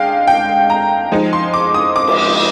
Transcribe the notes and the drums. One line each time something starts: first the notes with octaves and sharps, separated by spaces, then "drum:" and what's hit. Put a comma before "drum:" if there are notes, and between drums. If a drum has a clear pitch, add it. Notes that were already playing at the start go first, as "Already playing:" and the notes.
Already playing: G#3 D4 F5 G5
G5
A#5
F3 G#3 D#4
C6
D6
D#6
D6
drum: cymbal